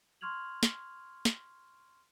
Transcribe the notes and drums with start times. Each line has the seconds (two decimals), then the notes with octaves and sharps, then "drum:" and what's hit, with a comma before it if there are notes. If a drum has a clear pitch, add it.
0.21 C6 C#6 F6 G#6 F7 F#7
0.63 drum: snare
1.25 drum: snare